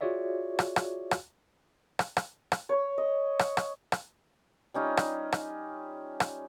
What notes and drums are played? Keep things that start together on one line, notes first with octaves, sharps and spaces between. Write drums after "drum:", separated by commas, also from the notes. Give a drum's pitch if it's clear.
F4 F#4 G#4 C#5 D5 E5
drum: rim click
drum: rim click
drum: rim click
drum: rim click
drum: rim click
drum: rim click
C#5
D#5
drum: rim click
drum: rim click
drum: rim click
G3 C#4 D#4 F4
drum: rim click
drum: rim click
drum: rim click